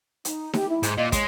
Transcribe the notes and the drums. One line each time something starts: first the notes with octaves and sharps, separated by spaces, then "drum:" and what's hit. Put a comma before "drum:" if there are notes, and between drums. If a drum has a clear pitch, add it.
D#4, drum: hi-hat
G4, drum: snare D#4
E4
G#2, drum: hi-hat
A#2 D#5
G#3 C#5, drum: kick, hi-hat